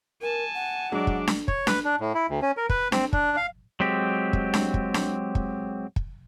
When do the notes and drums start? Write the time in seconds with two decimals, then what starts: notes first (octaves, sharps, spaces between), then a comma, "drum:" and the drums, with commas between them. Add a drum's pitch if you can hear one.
0.22 A#4 G#5 A5
0.55 F#5
0.92 F#3 G#3 D4 D5
1.07 drum: kick
1.27 drum: snare D4
1.48 C#5, drum: kick
1.67 B4, drum: snare D4
1.85 D4
2.01 A2
2.15 E4
2.29 D2
2.42 C#4
2.57 A#4
2.69 B4, drum: kick
2.92 C4, drum: snare D4
3.13 D4, drum: kick
3.37 F5
3.80 F#3 G#3 C4 G4
4.33 drum: kick
4.54 drum: snare D4
4.74 drum: kick
4.94 drum: snare D4
5.35 drum: kick
5.96 drum: kick